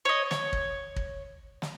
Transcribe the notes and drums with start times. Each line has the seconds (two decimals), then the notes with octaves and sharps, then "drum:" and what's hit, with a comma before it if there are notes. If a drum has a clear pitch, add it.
0.05 C#5 D#5
0.31 C#5, drum: snare
0.53 drum: kick
0.96 drum: kick
1.62 drum: snare